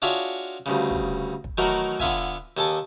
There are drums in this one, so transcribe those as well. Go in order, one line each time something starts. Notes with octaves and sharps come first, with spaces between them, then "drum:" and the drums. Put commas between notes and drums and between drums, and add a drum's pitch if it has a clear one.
D4 F4 F#4 G#4 C#5 E5
D2 G2 C#3
drum: kick
drum: kick
D#3 E3 F#3 A3 F#4 A#4
D3 B3 F4 E5 G#5, drum: kick
D#2 G#4 A4 G#5 A5 D6